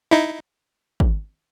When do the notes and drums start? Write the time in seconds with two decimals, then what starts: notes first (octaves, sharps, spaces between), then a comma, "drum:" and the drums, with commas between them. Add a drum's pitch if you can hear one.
0.11 D#4 E4
1.00 drum: kick G#1